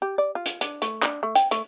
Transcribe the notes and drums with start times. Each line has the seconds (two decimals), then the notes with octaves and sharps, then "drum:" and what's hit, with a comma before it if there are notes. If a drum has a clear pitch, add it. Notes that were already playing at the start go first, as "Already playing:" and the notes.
0.02 G4
0.18 D5
0.35 F4
0.46 drum: hi-hat
0.61 D4, drum: hi-hat
0.82 A3, drum: hi-hat
1.02 D4, drum: clap
1.23 A3
1.35 G5, drum: hi-hat
1.51 A3, drum: hi-hat